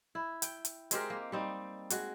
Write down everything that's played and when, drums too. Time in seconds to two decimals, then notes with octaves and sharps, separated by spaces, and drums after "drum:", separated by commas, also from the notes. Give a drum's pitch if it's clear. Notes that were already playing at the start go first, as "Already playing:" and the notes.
0.15 E4
0.42 G5, drum: hi-hat
0.65 drum: hi-hat
0.91 G#3 C4 G4 A#4, drum: hi-hat
1.10 A#3
1.32 G3 C4 D#4
1.90 G#3 F#4, drum: hi-hat